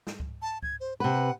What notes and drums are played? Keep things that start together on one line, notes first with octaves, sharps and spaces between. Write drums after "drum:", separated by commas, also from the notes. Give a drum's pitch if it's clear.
drum: snare
drum: kick C#2
A5
G#6, drum: kick C#2
C5
C3 B4 F#5